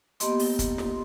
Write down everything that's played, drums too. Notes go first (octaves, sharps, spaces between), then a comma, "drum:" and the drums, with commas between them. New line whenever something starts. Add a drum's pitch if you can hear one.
A#3 B3 G4 D#5 C6, drum: hi-hat
drum: open hi-hat
drum: kick, hi-hat
drum: snare